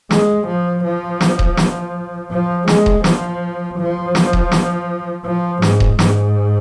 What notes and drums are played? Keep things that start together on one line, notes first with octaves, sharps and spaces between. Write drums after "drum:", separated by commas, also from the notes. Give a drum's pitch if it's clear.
G#3, drum: snare
F3
F3
drum: snare
drum: kick D#1
drum: snare
F3
G#3, drum: snare
drum: kick D#1
F3, drum: snare
F3
drum: snare
drum: kick D#1
drum: snare
F3
G#2, drum: snare
drum: kick D#1
G#2, drum: snare